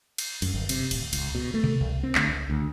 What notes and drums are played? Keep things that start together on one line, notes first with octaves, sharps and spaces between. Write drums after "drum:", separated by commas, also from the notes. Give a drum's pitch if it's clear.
drum: cymbal
F#2, drum: cymbal
G1
C3, drum: cymbal
D1, drum: cymbal
C#2, drum: cymbal
B2
A3
drum: tom B2
C2
C4
D2, drum: clap
C#2
D2